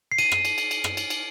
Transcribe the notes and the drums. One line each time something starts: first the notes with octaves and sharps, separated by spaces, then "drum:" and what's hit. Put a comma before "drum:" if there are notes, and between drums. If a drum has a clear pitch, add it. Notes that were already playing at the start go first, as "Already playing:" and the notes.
C7
D#7, drum: cymbal
drum: rim click
drum: cymbal
drum: cymbal
drum: cymbal
drum: rim click
drum: cymbal
drum: cymbal